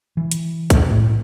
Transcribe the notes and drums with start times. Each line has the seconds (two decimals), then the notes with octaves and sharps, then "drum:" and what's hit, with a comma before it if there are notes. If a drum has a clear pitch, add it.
0.17 E3
0.31 drum: hi-hat
0.70 drum: kick, hi-hat
0.90 A2